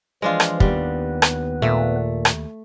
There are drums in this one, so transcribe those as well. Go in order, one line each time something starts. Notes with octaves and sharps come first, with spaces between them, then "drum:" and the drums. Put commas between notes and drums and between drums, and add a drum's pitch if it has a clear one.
E3 F3 G#3 D4 F4
drum: rim click
D#2 D#3 G3 B3 B4, drum: kick
drum: rim click
A#2 A3
drum: rim click